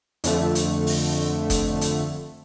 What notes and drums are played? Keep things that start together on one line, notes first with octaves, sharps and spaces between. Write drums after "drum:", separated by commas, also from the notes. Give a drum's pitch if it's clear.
F2 D3 A3, drum: hi-hat
drum: hi-hat
drum: open hi-hat
drum: kick F#1, hi-hat
drum: hi-hat